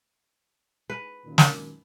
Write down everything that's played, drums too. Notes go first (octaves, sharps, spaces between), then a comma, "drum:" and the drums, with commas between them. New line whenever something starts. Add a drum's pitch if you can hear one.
B4
F#2 A#2 D#3
drum: snare